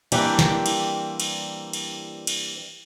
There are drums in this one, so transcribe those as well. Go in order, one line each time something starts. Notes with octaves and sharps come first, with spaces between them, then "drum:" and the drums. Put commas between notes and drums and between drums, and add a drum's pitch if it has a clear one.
E3 G3 A#3 C4 D4 G4, drum: cymbal
drum: snare
drum: cymbal
drum: cymbal
drum: cymbal
drum: cymbal